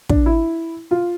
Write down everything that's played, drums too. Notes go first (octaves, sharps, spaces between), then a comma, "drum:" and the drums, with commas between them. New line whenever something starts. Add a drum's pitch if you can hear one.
D4, drum: kick
E4
F4